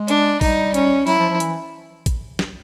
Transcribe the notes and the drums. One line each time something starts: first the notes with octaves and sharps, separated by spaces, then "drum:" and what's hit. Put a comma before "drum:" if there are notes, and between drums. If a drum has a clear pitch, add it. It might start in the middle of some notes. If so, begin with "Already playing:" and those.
Already playing: G#3
D4, drum: hi-hat
G3 D#4, drum: kick A1, open hi-hat
C#4, drum: hi-hat
F#3 E4, drum: open hi-hat
F3
F3
E3, drum: hi-hat
drum: kick A1, hi-hat
drum: snare